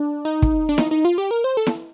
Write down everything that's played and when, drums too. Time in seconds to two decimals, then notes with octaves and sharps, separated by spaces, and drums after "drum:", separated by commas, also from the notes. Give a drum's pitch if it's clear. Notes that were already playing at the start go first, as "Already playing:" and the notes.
Already playing: D4
0.25 D#4
0.42 drum: kick
0.69 D4
0.78 D#4, drum: snare E4
0.91 D#4
1.05 F4
1.18 G4
1.31 A#4
1.44 C5
1.57 A4
1.67 drum: snare E4